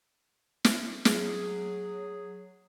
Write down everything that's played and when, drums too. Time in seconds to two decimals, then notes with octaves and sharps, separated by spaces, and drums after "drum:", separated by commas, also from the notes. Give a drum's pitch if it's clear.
0.65 drum: snare
1.05 F#3 G#4, drum: snare